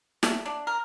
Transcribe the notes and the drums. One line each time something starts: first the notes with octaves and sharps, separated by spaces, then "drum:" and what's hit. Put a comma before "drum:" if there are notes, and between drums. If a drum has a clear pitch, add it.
A3, drum: snare
D4
A#4